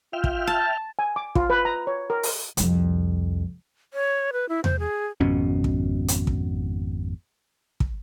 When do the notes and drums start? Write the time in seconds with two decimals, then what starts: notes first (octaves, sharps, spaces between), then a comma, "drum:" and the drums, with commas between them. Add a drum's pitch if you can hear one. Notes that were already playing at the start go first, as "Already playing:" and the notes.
0.13 F4 E5 G5 F6
0.24 drum: kick
0.47 A5
0.99 G#5
1.16 D6
1.35 F4, drum: kick
1.50 B4
1.65 A#5
1.87 C#5
2.10 A#4
2.23 drum: open hi-hat
2.57 C2 F2, drum: hi-hat
3.94 C#5
4.33 B4
4.49 E4
4.64 C5, drum: tom E2
4.79 G#4
5.20 G#1 F2 B2 C#4
5.64 drum: kick
6.08 drum: hi-hat
6.27 drum: kick
7.80 drum: kick